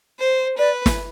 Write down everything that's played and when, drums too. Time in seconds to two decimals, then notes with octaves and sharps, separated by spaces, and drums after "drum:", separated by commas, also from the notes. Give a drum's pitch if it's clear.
0.19 C5
0.59 B4 D5
0.86 drum: snare